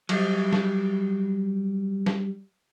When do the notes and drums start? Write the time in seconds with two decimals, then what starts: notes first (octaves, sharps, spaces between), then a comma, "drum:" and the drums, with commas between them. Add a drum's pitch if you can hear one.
0.09 F#3 G3, drum: cymbal
0.53 drum: snare
2.06 drum: snare